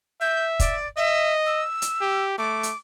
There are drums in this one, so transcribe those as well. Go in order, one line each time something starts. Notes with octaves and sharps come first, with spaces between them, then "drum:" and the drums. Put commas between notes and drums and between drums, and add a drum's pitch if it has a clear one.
E5 G6
D5, drum: kick, hi-hat
D#5 E5
E6
drum: hi-hat
G4
A3 D6
drum: hi-hat